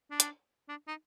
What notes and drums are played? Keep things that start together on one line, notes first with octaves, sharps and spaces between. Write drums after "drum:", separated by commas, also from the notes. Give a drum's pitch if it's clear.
D4
drum: hi-hat
D4
D#4